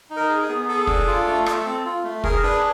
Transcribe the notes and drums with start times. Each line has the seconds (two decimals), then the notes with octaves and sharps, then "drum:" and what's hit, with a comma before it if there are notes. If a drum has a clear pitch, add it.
0.10 D#4
0.16 A#4
0.29 G#4
0.42 G#4
0.49 B3
0.69 G#4 A4
0.87 D4, drum: kick
1.07 F4
1.27 A3
1.46 A3, drum: rim click
1.65 C4
1.85 F4
2.04 A3
2.24 G#4 A#4, drum: kick
2.43 D4 B4